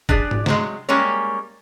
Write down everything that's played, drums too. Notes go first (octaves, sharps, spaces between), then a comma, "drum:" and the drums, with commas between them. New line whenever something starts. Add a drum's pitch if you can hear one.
D4 G4 G#4 D5, drum: kick G1
drum: tom G#2
C3 F#3 G#3, drum: snare
G3 G#3 A#3 C#4 C#5